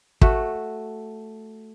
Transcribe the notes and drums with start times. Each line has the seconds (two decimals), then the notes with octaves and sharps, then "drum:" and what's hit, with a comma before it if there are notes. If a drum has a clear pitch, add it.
0.21 A3 F#4, drum: kick